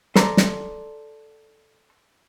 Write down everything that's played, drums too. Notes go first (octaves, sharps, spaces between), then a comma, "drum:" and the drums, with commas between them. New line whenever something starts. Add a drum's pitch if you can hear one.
A4 C5 D5 A#5, drum: snare
drum: snare